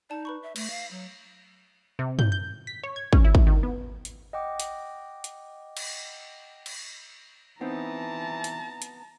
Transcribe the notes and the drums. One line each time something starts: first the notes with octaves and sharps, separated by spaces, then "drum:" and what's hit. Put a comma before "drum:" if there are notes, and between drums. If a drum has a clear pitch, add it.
D#4 D5 A5
B4 B5 C#6
E5
A3, drum: cymbal
F5
F#3
C3
G6, drum: tom
G6
B6
C#5
G#6
C#4, drum: kick
E4
drum: kick
D#3
B3
drum: hi-hat
D#5 F#5 G5 D6
drum: hi-hat
drum: hi-hat
drum: cymbal
drum: cymbal
E3 B3 C4 D#4 A5 A#5
drum: hi-hat
drum: hi-hat